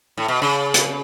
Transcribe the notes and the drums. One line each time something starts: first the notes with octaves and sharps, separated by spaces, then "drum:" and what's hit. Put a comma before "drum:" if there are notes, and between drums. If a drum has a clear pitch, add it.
A2
B2
C#3
drum: hi-hat